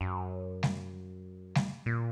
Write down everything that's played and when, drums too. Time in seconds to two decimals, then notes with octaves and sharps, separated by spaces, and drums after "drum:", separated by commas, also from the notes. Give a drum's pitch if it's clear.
0.01 F#2
0.63 drum: snare G3
1.55 drum: snare G3
1.86 A#2